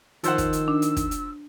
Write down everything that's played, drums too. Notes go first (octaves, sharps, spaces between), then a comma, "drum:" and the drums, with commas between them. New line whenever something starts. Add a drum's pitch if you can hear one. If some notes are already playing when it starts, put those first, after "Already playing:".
D#3 F3 C5 F#5 E6, drum: hi-hat
drum: kick, hi-hat
drum: hi-hat
D4
drum: hi-hat
drum: kick, hi-hat
drum: hi-hat